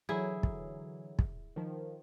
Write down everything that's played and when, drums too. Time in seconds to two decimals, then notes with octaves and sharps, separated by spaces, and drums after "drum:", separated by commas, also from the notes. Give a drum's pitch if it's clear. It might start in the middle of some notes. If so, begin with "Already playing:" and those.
0.09 D3 E3 F#3 E4 G#4
0.43 drum: kick
1.19 drum: kick
1.56 D#3 F3